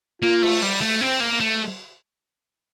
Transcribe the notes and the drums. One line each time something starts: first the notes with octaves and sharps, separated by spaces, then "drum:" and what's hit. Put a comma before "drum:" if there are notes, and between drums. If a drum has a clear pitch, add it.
A#3 F4
A3, drum: cymbal
G3
A3
C4
A#3
A3